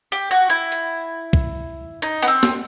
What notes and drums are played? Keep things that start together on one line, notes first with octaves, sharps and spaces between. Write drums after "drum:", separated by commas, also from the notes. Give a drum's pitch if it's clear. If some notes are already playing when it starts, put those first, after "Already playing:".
G4
F#4
E4
drum: hi-hat
drum: kick
D#4
B3
C4
drum: snare